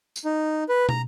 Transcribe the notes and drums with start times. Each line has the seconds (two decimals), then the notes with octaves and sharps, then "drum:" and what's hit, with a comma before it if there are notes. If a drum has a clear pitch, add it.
0.16 drum: tambourine
0.25 D#4
0.69 B4
0.89 A#5, drum: tom